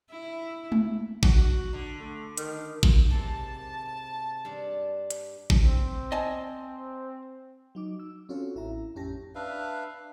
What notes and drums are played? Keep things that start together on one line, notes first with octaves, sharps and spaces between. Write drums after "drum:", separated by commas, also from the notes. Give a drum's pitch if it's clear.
E4
drum: tom G#3
F#4, drum: kick A1
D3
A3
D#3, drum: hi-hat
drum: kick A1
G#2 C3 A#3 A5
G2 D4
drum: hi-hat
drum: kick A1
C4
D#5 G#5 A5
F#3 D#4 D6
E6
C4 C#4 F4 F#4 A4 C#5
A1 E4 E5 A#5
A1 F2 C#4 G4 A5 A#6
D4 B4 E5 F5